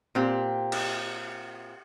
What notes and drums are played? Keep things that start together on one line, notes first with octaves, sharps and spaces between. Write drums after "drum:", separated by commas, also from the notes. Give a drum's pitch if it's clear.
A#2 C4 G4
drum: cymbal